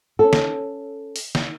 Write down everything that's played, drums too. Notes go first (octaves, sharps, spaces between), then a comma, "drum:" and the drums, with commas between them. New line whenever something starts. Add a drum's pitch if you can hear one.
C#4 A4
drum: snare
drum: open hi-hat
drum: snare